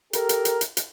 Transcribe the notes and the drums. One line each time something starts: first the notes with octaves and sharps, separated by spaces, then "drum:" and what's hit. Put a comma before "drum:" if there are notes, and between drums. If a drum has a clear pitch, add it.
G4 A4 A#4, drum: hi-hat
drum: hi-hat
drum: hi-hat
drum: hi-hat
drum: hi-hat